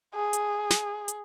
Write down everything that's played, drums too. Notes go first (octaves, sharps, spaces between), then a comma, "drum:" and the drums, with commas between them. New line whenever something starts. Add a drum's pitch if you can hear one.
G#4
drum: hi-hat
drum: snare
drum: hi-hat